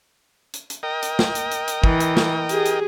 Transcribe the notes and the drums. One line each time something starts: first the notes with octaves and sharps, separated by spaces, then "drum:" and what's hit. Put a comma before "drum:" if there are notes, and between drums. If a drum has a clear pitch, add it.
drum: hi-hat
drum: hi-hat
A#4 D#5 G5
drum: hi-hat
drum: snare
drum: hi-hat
drum: hi-hat
drum: hi-hat
E3, drum: kick
drum: hi-hat
drum: snare
G4 G#4, drum: hi-hat
drum: hi-hat